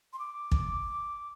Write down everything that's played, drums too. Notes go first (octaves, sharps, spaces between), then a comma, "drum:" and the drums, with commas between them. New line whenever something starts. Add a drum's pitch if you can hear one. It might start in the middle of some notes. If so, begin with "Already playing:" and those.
C6
D6
drum: kick